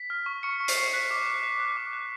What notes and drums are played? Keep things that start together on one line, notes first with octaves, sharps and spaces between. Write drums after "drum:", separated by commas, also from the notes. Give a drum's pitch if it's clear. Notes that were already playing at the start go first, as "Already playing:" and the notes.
Already playing: B6
F6
C#6
C#6 C#7
C#6
C7, drum: hi-hat
C#6
F#6 B6
D6
F#6
F#6
F#6
D6
F#6